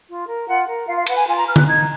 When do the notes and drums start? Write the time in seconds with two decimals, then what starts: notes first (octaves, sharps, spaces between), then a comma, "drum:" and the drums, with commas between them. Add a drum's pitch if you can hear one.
0.08 F4
0.27 A#4
0.47 F4 F#5
0.67 A#4
0.86 F4 F5
0.96 F5
1.06 B4 F#5, drum: cymbal
1.16 G#5
1.26 F4 G#5
1.36 A#5
1.46 B4 F6
1.56 F#6, drum: tom D3
1.66 D#4 G#6